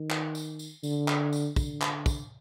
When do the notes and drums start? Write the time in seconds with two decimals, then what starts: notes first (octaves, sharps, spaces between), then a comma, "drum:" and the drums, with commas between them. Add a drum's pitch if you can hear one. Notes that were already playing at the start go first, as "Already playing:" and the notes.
Already playing: D#3
0.10 drum: clap
0.35 drum: tambourine
0.59 drum: tambourine
0.83 D3, drum: tambourine
1.08 drum: clap
1.33 drum: tambourine
1.56 D3, drum: kick, tambourine
1.81 drum: clap
2.06 drum: kick, tambourine